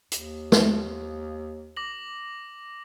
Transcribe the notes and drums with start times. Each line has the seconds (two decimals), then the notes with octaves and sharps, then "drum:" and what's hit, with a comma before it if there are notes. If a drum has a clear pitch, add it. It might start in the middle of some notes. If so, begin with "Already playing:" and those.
0.12 D#2, drum: hi-hat
0.52 drum: snare
1.77 D6 A#6 F#7